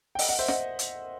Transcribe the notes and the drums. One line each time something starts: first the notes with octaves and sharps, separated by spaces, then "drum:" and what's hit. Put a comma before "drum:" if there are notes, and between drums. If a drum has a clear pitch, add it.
G5
D#5 F#5, drum: open hi-hat
D#5 F#5
C5 E5
D#5 F#5, drum: snare
drum: hi-hat